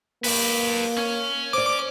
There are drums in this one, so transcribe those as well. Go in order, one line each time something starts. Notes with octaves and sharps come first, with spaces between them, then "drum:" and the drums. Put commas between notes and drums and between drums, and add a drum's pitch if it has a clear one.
A#3 B4 D5, drum: open hi-hat
C#4
C5 D5 D6